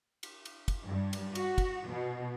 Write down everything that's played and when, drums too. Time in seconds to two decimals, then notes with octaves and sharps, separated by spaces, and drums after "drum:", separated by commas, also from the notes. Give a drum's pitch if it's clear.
0.23 drum: cymbal
0.45 drum: cymbal
0.68 drum: kick, cymbal
0.86 G2
1.13 drum: cymbal
1.35 F#4, drum: cymbal
1.58 drum: kick, cymbal
1.88 B2